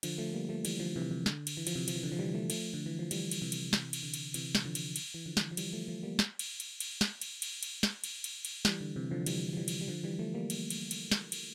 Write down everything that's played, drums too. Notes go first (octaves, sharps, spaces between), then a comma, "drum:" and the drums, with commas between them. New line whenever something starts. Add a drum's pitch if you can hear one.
D3 F3, drum: cymbal
F3 A3
G3 A#3
F3 A3
E3 G3, drum: cymbal
D3 F3
C3 E3
C3
D3, drum: snare
drum: cymbal
E3
F3, drum: cymbal
C3 E3
F3, drum: cymbal
E3
D3
F3
E3 G3
F3 A3
F3 A3, drum: cymbal
D3
E3
F3
E3 G3, drum: cymbal
drum: cymbal
C3 E3
drum: cymbal
C3 E3, drum: snare
drum: cymbal
D3
drum: cymbal
C3 E3, drum: cymbal
drum: snare
D3 F3
drum: cymbal
drum: cymbal
E3
D3 F3
drum: snare
F3
E3 G3, drum: cymbal
F3 A3
F3 A3
G3 A#3
drum: snare
drum: cymbal
drum: cymbal
drum: cymbal
drum: snare
drum: cymbal
drum: cymbal
drum: cymbal
drum: snare
drum: cymbal
drum: cymbal
drum: cymbal
E3 G3, drum: snare
D3
C3 E3
D3 F3
E3 G3, drum: cymbal
F3
E3 G3
drum: cymbal
G3
D3 F3
E3 G3
F3 A3
G3 A#3
drum: cymbal
drum: cymbal
drum: cymbal
drum: snare
drum: cymbal